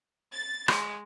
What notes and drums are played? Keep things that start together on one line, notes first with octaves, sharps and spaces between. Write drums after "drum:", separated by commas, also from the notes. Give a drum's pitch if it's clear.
A6
G#3, drum: rim click